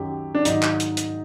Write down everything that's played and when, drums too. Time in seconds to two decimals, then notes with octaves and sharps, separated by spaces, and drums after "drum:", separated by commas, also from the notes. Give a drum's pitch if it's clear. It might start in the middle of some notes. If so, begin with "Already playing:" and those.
Already playing: F#2 D#3 F#3 G4
0.35 D4
0.45 G#2 D#3 F#3 D#4, drum: hi-hat
0.63 drum: clap
0.80 drum: hi-hat
0.97 drum: hi-hat